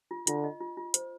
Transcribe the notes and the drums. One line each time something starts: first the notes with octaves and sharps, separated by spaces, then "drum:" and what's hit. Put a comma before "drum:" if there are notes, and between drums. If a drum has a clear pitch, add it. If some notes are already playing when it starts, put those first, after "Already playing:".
F4
D3 F4, drum: hi-hat
D#5
F4
F4
C5, drum: hi-hat